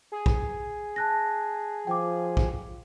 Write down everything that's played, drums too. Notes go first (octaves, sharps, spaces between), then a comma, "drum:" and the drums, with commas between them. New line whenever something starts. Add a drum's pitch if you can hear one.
G#4
drum: kick A#1
A5 F#6 A#6
F3 G5 D6
drum: kick A#1